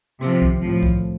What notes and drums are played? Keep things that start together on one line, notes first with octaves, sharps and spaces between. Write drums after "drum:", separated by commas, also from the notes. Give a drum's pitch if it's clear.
C3 F3, drum: rim click
drum: kick C2
A2 F3
drum: kick C2